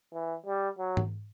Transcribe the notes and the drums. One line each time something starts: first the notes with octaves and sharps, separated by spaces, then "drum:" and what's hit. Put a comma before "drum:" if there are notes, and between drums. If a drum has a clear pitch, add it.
E3
G3
F#3
drum: tom G#2